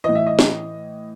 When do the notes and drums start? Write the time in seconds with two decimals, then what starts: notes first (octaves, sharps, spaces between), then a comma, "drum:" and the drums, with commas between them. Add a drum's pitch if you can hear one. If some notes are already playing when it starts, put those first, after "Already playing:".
0.04 A2 E3 D#5
0.15 E5
0.26 D#5
0.39 drum: snare